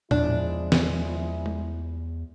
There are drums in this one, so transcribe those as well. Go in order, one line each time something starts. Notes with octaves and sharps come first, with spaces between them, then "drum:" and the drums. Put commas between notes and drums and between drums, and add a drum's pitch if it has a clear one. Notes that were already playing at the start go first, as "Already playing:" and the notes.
E2 F3 G#3 D4 E4, drum: tom
drum: snare
drum: tom